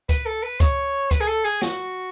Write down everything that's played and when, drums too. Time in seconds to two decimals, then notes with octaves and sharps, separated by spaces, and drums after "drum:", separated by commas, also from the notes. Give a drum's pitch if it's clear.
0.09 B4, drum: kick C#2, hi-hat
0.26 A4
0.43 B4
0.60 C#5, drum: kick C#2, hi-hat
1.11 B4, drum: kick C#2, hi-hat
1.20 G#4
1.27 A4
1.45 G#4
1.62 F#4, drum: snare